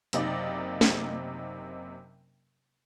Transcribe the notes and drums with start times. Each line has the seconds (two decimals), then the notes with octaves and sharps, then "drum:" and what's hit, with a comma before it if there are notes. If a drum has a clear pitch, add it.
0.13 F#1 C3 A#3 D#4 D5 D#5, drum: hi-hat
0.81 drum: snare